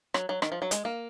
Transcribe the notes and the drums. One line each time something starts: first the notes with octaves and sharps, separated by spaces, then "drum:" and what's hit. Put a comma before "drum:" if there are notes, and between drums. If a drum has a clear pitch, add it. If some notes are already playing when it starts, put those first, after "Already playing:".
F#3, drum: rim click
F#3
D#3, drum: rim click
F3
F#3
G#3, drum: hi-hat
A#3